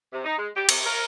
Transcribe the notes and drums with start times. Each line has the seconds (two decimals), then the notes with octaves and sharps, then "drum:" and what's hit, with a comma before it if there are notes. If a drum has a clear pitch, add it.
0.13 C3
0.24 D#4
0.37 G#3
0.56 G4
0.69 C3, drum: cymbal
0.85 A#4